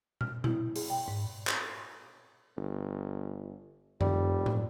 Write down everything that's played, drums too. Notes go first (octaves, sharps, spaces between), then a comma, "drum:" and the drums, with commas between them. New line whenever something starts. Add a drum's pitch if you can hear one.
F6, drum: tom A#2
E4, drum: tom A#2
G#4, drum: open hi-hat
G5
G#2
drum: clap
G1
F1 G3, drum: tom F#2
drum: tom A2